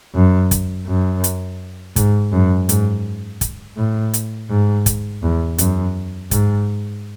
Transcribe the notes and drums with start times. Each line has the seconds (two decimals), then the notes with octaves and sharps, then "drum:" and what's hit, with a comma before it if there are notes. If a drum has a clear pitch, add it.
0.15 F#2
0.51 drum: kick, hi-hat
0.87 F#2
1.24 drum: hi-hat
1.96 G#2, drum: kick, hi-hat
2.33 F#2
2.69 G#2, drum: hi-hat
3.41 drum: kick, hi-hat
3.77 A2
4.14 drum: hi-hat
4.50 G#2
4.86 drum: kick, hi-hat
5.22 E2
5.58 F#2, drum: hi-hat
6.31 G#2, drum: kick, hi-hat